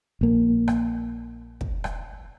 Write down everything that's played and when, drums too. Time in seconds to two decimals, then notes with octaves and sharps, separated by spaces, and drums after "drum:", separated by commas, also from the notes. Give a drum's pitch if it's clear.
0.21 A#1 A#3
0.68 drum: rim click
1.61 drum: kick
1.84 drum: rim click